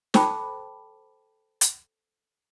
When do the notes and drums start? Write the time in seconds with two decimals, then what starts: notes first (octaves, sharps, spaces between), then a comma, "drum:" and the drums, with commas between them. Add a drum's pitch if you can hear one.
0.14 A4 C5 G5 A5 B5 D6, drum: snare
1.61 drum: hi-hat